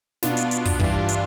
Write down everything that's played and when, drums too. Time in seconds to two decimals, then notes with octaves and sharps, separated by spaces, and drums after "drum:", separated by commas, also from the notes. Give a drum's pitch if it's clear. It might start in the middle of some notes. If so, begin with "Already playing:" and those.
0.23 B2 B3 D4 F4, drum: snare
0.37 drum: hi-hat
0.51 drum: hi-hat
0.65 drum: kick, open hi-hat
0.80 G2 E3 G3 D4 F4, drum: kick
1.09 drum: hi-hat